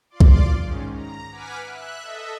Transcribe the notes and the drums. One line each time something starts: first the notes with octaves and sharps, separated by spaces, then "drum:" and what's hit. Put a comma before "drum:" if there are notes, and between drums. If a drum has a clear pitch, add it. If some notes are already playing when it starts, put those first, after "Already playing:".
F4 D5 C6 D6
drum: kick B1
G#2 D#3 C#4
A#5
B4 F#5 G#5 D6 F6 B6
E5 F#6
A4 D#5 E5